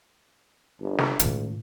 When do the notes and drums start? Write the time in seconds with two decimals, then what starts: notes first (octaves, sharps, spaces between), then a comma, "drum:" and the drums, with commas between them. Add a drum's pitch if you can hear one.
0.81 G1
0.98 drum: snare
1.19 C#2 A2 D#3, drum: hi-hat